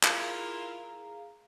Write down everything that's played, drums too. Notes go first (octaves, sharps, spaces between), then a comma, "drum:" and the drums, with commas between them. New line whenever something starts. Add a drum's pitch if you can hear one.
E4 F4 G#4 A#4 F5 A#5, drum: clap